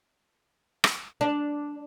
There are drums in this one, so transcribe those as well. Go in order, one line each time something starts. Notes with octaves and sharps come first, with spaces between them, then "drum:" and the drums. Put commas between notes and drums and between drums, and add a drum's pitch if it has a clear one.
drum: rim click
D4